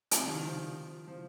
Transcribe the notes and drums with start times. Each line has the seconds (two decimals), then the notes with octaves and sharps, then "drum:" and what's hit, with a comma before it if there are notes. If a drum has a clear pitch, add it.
0.11 C3, drum: hi-hat
0.28 D#3
0.44 F3
1.07 F3